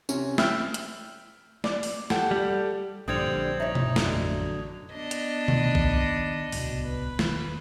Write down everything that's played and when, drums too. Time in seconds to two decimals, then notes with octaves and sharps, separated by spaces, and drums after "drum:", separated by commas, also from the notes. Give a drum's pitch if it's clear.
0.09 C3 C#4, drum: tambourine
0.38 E5 G5 E6 F6, drum: snare
0.74 drum: hi-hat
1.64 D5, drum: snare
1.83 drum: open hi-hat
2.10 G4 A4 F#5, drum: snare
2.31 G3
3.08 A#1 G2 D3 G3 C4 D#6 G#6 F7
3.60 D#4 C#5 E5
3.75 drum: tom B2
3.96 A1 F2 D3 F#3 A3, drum: snare
4.93 B3 D4 D#5
5.11 drum: hi-hat
5.48 D#3 A3, drum: tom B2
5.75 drum: kick A#1
6.52 D1 C2 B2, drum: open hi-hat
6.87 B4
7.19 E1 D#3 A3, drum: snare